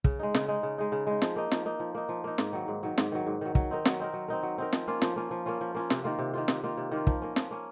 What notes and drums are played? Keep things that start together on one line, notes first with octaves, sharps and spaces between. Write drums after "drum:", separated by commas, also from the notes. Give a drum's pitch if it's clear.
C#3, drum: kick
G#3 D#4
C#3, drum: snare
G#3 D#4
C#3
G#3 D#4
C#3
G#3 D#4
F3, drum: snare
A#3 D#4
F3, drum: snare
A#3 D#4
F3
A#3 D#4
F3
A#3 D#4
G#2, drum: snare
D#3 F#3
G#2
D#3 F#3
G#2, drum: snare
D#3 F#3
G#2
D#3 F#3
F#3, drum: kick
C4 D#4 A#4
F#3, drum: snare
C4 D#4 A#4
F#3
C4 D#4 A#4
F#3
C4 D#4 A#4
F3, drum: snare
A#3 C#4 F4
F3, drum: snare
A#3 C#4 F4
F3
A#3 C#4 F4
F3
A#3 C#4 F4
C3, drum: snare
D#3 A#3 F4
C3
D#3 A#3 F4
C3, drum: snare
D#3 A#3 F4
C3
D#3 A#3 F4
F3, drum: kick
A#3 C#4
F3, drum: snare
A#3 C#4